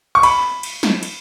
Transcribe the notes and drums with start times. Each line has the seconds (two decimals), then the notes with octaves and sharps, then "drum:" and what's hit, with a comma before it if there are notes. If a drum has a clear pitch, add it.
0.15 C#6
0.23 B5, drum: cymbal
0.63 drum: cymbal
0.83 drum: snare
1.03 drum: cymbal